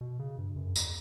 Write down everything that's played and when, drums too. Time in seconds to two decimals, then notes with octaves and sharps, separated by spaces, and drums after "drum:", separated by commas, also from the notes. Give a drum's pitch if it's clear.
0.01 B2
0.19 C#3
0.38 G2
0.56 F#2
0.76 E2, drum: tambourine